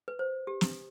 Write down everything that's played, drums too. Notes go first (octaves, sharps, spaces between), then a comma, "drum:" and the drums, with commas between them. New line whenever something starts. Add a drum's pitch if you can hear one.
B4
C5
G4
drum: snare